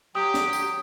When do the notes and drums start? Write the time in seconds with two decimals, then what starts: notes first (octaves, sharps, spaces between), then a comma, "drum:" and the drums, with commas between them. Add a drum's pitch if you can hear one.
0.15 F#3 G4 G5 D#6
0.34 drum: snare
0.53 drum: tambourine